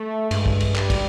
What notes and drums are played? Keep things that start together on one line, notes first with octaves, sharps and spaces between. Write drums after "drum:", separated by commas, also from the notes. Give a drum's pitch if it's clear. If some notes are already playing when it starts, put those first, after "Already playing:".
Already playing: A3
G2 G#3, drum: cymbal
drum: kick
drum: cymbal
G3, drum: clap
drum: kick, cymbal